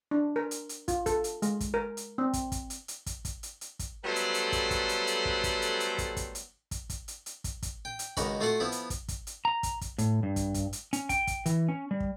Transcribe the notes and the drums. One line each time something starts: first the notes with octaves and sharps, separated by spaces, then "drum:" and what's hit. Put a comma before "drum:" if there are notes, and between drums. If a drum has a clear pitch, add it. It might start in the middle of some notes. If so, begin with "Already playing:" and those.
D4
A#4
drum: hi-hat
drum: hi-hat
F4, drum: kick, hi-hat
A4, drum: kick, hi-hat
drum: hi-hat
G#3, drum: hi-hat
drum: kick, hi-hat
A#4
drum: hi-hat
C4
drum: kick, hi-hat
drum: kick, hi-hat
drum: hi-hat
drum: hi-hat
drum: kick, hi-hat
drum: kick, hi-hat
drum: hi-hat
drum: hi-hat
drum: kick, hi-hat
F#3 G3 A3 B3 A4 C5
drum: hi-hat
drum: hi-hat
drum: kick, hi-hat
drum: kick, hi-hat
drum: hi-hat
drum: hi-hat
drum: kick
drum: kick, hi-hat
drum: hi-hat
drum: hi-hat
drum: kick, hi-hat
drum: kick, hi-hat
drum: hi-hat
drum: kick, hi-hat
drum: kick, hi-hat
drum: hi-hat
drum: hi-hat
drum: kick, hi-hat
drum: kick, hi-hat
G5
drum: hi-hat
C#2 D#3 F#4 A#4 B5, drum: kick, hi-hat
A3 F4 F#4 F#5
F3 B3 E4
drum: hi-hat
drum: kick, hi-hat
drum: kick, hi-hat
drum: hi-hat
A#5
drum: kick, hi-hat
drum: kick, hi-hat
A2, drum: hi-hat
G2
drum: kick, hi-hat
drum: kick, hi-hat
drum: hi-hat
C#4, drum: hi-hat
G5, drum: kick, hi-hat
drum: kick, hi-hat
E3, drum: hi-hat
C#4
G3
drum: kick